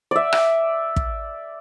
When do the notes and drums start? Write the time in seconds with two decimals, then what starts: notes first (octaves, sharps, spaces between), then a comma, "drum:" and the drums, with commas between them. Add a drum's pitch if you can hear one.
0.11 D5 E5
0.32 drum: rim click
0.96 drum: kick